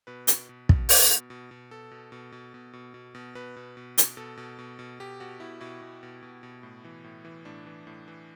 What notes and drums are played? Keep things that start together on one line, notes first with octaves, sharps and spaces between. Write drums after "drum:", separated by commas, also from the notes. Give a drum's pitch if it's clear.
B2 B4
B2, drum: hi-hat
B2
B2, drum: kick
B2, drum: open hi-hat
B2
B2
B2
B2 A4
B2
B2
B2
B2
B2
B2
B2
B2 B4
B2
B2
B2, drum: hi-hat
B2 A4
B2
B2
B2
B2 G4
B2 F#4
B2 E4
B2 E4
B2
B2
B2
B2
A2
E3
A2
E3
A2 D4
E3
A2
E3